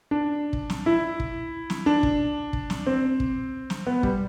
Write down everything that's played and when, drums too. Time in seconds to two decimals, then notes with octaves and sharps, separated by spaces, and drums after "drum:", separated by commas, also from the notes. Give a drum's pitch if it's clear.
0.11 D4
0.53 drum: kick
0.70 drum: snare
0.86 E4
1.20 drum: kick
1.70 drum: snare
1.86 D4
2.03 drum: kick
2.53 drum: kick
2.70 drum: snare
2.86 C4
3.20 drum: kick
3.70 drum: snare
3.87 B3
4.03 G3, drum: kick